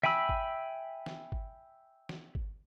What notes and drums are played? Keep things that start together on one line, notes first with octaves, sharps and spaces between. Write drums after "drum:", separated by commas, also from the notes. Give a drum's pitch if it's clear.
E5 G5 G#5 B5 E6, drum: snare
drum: kick G1
drum: snare
drum: kick G1
drum: snare
drum: kick G1